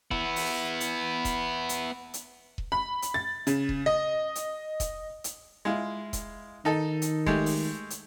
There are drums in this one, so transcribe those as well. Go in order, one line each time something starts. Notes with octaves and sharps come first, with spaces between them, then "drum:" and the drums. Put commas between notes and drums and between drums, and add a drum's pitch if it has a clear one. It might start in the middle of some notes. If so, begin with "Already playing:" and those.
B3 E4, drum: kick E1
drum: open hi-hat
drum: hi-hat
drum: kick E1, hi-hat
drum: hi-hat
drum: hi-hat
drum: kick E1
B5
drum: hi-hat
A6
C#3, drum: hi-hat
drum: kick E1
D#5
drum: hi-hat
drum: kick E1, hi-hat
drum: hi-hat
G#3 E4 F4
drum: kick E1, hi-hat
D#3 D#4 A4
drum: hi-hat
G#3 A3 G4, drum: kick E1
drum: open hi-hat
drum: hi-hat